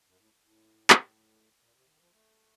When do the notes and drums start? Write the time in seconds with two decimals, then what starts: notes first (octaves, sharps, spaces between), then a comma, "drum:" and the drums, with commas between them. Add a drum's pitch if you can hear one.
0.06 F#2
0.18 A2
0.44 A2
0.90 drum: clap
1.61 A#2
1.74 C3
1.86 D#3
1.99 F3
2.12 A3